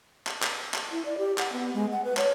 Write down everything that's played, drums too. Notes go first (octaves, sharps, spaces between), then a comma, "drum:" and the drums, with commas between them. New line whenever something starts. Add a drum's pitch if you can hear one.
drum: clap
drum: clap
drum: clap
E4
D5
G4
F#5, drum: clap
B3
G#3
F#5
B4
C#5, drum: clap